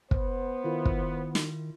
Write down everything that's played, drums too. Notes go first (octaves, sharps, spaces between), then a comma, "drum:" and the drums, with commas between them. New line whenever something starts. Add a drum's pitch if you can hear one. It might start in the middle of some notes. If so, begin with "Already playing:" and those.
B3 C5, drum: kick
D#3 E4 F4 A#4
drum: kick
drum: snare